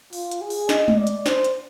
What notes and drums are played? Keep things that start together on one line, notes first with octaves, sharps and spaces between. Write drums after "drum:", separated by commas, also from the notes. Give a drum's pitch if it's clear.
F4, drum: open hi-hat
drum: hi-hat
G#4
drum: open hi-hat
D#5, drum: snare
drum: tom G#3
D5
drum: hi-hat
C5, drum: snare
drum: hi-hat